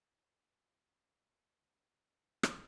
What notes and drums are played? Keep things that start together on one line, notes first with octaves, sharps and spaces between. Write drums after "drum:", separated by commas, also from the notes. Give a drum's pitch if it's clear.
F#3 F4 G#4
drum: rim click